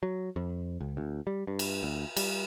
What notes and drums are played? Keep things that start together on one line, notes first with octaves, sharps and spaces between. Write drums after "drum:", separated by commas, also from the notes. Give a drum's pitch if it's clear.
F#3
F2
C#2
D2
G3
G2
drum: cymbal
D2
G3, drum: cymbal